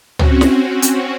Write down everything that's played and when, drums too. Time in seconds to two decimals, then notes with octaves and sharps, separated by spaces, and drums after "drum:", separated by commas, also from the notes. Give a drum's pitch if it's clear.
0.19 C4 C#4 F#4, drum: tom
0.41 drum: snare
0.82 drum: hi-hat